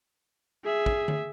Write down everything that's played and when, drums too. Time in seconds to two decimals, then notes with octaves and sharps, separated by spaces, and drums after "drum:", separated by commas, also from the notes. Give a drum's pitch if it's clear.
0.64 G#4 E5
0.86 drum: kick
1.08 drum: tom D3